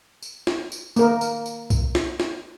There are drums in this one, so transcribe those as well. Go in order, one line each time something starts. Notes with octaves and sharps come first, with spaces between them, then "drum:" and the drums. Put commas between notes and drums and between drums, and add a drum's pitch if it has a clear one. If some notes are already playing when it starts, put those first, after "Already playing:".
drum: tambourine
drum: snare
drum: tambourine
A#3 A#4, drum: tambourine
drum: tambourine
drum: tambourine
drum: kick B1, tambourine
drum: snare
drum: snare